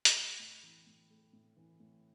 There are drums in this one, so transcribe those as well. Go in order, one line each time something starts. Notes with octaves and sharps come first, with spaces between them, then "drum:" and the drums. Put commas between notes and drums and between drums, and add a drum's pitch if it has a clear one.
drum: hi-hat
A3 G5 B5
A2
E3
A2
A3
A2
E3
A2